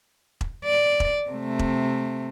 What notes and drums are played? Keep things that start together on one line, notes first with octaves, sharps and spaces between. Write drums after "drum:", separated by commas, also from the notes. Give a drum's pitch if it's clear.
drum: kick E1
D5
drum: kick E1
C3 A3
drum: kick E1